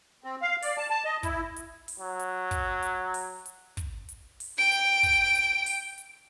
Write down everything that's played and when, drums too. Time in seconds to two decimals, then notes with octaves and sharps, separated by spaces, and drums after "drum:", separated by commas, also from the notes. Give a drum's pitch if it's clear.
0.24 C4
0.42 F5
0.62 D5, drum: open hi-hat
0.78 A5
0.90 A5
1.05 D#5
1.23 E4, drum: kick, hi-hat
1.56 drum: hi-hat
1.88 drum: open hi-hat
2.00 F#3
2.19 drum: hi-hat
2.51 drum: kick, hi-hat
2.82 drum: hi-hat
3.14 drum: open hi-hat
3.46 drum: hi-hat
3.77 drum: kick, hi-hat
4.09 drum: hi-hat
4.40 drum: open hi-hat
4.57 G5 D7
4.72 drum: hi-hat
5.03 drum: kick, hi-hat
5.35 drum: hi-hat
5.66 drum: open hi-hat
5.98 drum: hi-hat